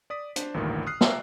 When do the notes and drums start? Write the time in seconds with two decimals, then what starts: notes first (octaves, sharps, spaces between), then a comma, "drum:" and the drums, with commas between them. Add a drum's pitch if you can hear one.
0.10 D5 D#6 B6
0.36 D4 C5, drum: hi-hat
0.54 A1 D2 G2 A#2 D#3
0.87 D#6 F6 F#6 C7
1.01 B4 E5 G5 A#5 D6 E6, drum: snare